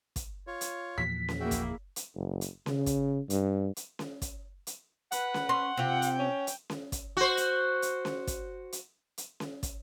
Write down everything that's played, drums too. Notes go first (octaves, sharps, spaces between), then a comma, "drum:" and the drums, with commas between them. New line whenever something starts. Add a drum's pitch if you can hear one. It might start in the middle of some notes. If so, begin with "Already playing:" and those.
drum: kick, hi-hat
F4 C#5
drum: hi-hat
E2 A#2 F3 B6
drum: snare C#4
A#3 E4 F#4 G#4 E5 G5
drum: kick, hi-hat
drum: hi-hat
F#1
drum: hi-hat
C#3, drum: snare C#4
drum: kick, hi-hat
G2, drum: hi-hat
drum: hi-hat
drum: snare C#4
drum: kick, hi-hat
drum: hi-hat
B4 F#5, drum: hi-hat
drum: snare C#4
C#4 C6
C3 F4 G5
drum: hi-hat
C#4
drum: hi-hat
drum: snare C#4
drum: kick, hi-hat
F#4 C5
drum: hi-hat
drum: hi-hat
drum: snare C#4
drum: kick, hi-hat
drum: hi-hat
drum: hi-hat
drum: snare C#4
drum: kick, hi-hat